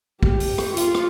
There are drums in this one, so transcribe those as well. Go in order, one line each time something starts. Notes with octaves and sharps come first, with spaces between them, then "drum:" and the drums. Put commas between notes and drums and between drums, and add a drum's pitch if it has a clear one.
G4, drum: kick
drum: open hi-hat
drum: rim click
F4, drum: hi-hat
drum: rim click